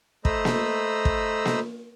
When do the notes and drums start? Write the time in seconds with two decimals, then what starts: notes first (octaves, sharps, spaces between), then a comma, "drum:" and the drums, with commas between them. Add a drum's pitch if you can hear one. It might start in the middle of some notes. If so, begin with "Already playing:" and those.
0.25 A3 C5 D#5 A#5 B5 E6, drum: kick
0.45 drum: snare A#3
1.05 drum: kick
1.45 drum: snare A#3